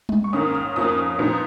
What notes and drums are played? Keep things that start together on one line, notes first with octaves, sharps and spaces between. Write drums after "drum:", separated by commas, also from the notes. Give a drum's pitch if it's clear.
drum: tom G3
C#6
G#2 D#3 A#3 C#4 D#6
F6
F2 F3 A#3 C#4 D#6
A#2 F3 B3 D#4